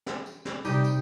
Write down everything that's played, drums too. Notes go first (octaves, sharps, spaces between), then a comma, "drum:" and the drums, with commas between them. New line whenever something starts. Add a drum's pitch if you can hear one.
drum: snare
drum: tambourine
drum: snare
C3 G3 D#4 G4, drum: tambourine
drum: tambourine